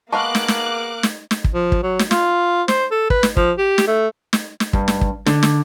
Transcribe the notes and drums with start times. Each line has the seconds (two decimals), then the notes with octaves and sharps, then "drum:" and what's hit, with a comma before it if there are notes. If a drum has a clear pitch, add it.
0.12 G#3 A#3 B3 F5 A5 C#6 D6 F#6
0.35 drum: snare
0.48 drum: snare
1.03 drum: snare
1.31 drum: snare
1.44 drum: kick
1.54 F3
1.72 drum: kick
1.83 F#3
1.99 drum: snare
2.11 F4, drum: snare
2.68 C5, drum: snare
2.91 A4
3.10 B4, drum: kick
3.23 drum: snare
3.37 F3, drum: kick
3.58 G4
3.78 drum: snare
3.87 A3
4.33 drum: snare
4.60 drum: snare
4.73 G2, drum: kick
4.88 drum: snare
5.01 drum: kick
5.26 D3, drum: snare
5.43 drum: snare